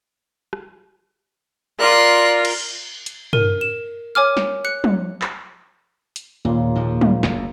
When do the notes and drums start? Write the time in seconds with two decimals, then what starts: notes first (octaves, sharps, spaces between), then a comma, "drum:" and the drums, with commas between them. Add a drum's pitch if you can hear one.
0.53 drum: rim click
1.80 F4 A#4 D5 C6 F#6
2.45 drum: cymbal
3.06 drum: hi-hat
3.33 A#4 D#7, drum: tom
3.61 E7
4.15 C#5 G#5 D6 F6
4.37 drum: snare
4.65 F#6 C#7
4.84 drum: tom
5.22 drum: clap
6.16 drum: hi-hat
6.45 D#2 A#2 C#3 A#3 F4
6.75 D#2 F3
7.01 drum: tom
7.23 F#1 D2, drum: snare